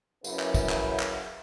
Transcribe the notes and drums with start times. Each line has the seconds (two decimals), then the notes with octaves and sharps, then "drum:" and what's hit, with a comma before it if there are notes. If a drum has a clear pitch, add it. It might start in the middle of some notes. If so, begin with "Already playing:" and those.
0.24 F#2 C#3 B3 E4, drum: tambourine
0.39 drum: clap
0.54 drum: kick, tambourine
0.69 drum: clap
1.00 drum: clap